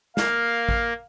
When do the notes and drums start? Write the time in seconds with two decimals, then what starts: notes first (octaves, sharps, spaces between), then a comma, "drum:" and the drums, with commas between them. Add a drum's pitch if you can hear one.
0.17 A#3 F5, drum: snare
0.69 drum: kick